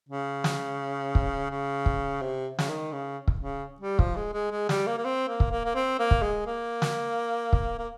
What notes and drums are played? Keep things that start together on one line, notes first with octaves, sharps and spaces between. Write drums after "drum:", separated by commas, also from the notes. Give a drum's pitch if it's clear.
C#3
drum: snare
drum: kick
C#3
drum: kick
C3
C#3, drum: snare
D#3
C#3
drum: kick
C#3
G3
F3, drum: kick
G#3
G#3
G#3
G3, drum: snare
A#3
A#3
C4
A#3
drum: kick
A#3
A#3
C4
A#3
drum: kick
G#3
A#3
drum: snare
drum: kick
A#3